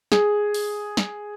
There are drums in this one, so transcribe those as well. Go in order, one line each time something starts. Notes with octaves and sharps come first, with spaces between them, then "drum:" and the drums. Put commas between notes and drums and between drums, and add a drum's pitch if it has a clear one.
G#4, drum: snare
drum: open hi-hat
drum: snare